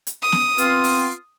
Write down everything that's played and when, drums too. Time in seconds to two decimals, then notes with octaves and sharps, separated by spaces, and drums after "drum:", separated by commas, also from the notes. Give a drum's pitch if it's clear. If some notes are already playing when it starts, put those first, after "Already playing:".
0.07 drum: hi-hat
0.22 D#6
0.32 drum: snare B3
0.58 B3 C4 F4, drum: hi-hat
0.84 drum: open hi-hat